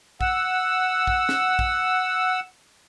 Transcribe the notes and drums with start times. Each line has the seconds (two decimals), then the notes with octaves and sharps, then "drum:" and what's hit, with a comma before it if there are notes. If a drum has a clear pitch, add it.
0.21 F#5 E6, drum: kick
1.07 drum: kick
1.29 drum: snare
1.59 drum: kick